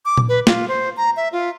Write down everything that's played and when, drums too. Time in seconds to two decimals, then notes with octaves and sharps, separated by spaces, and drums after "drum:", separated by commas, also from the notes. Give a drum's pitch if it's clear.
0.05 D6
0.17 drum: tom A#2
0.29 B4
0.47 F4, drum: snare
0.68 C5
0.97 A#5
1.16 E5
1.32 F4